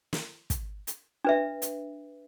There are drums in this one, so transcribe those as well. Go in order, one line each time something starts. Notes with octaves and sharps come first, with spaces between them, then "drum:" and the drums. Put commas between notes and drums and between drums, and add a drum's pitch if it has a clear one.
drum: snare
drum: kick, hi-hat
drum: hi-hat
D4 B4 E5
drum: hi-hat